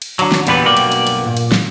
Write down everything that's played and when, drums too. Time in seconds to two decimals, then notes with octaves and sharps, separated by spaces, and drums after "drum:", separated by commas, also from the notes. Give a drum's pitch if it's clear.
0.02 drum: cymbal
0.19 D3 F#3, drum: cymbal
0.32 drum: snare
0.47 E2 A#2 G3 B3 B4, drum: cymbal
0.65 B1 G2 A#3 F#4 D5 G5
0.77 drum: cymbal
0.92 drum: cymbal
1.07 drum: cymbal
1.26 A#2
1.37 drum: cymbal
1.52 drum: snare